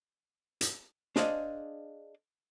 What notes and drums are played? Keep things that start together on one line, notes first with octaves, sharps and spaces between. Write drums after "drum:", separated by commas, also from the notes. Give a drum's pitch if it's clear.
drum: hi-hat
D4 G#4 C5 D5 D#5 F5, drum: snare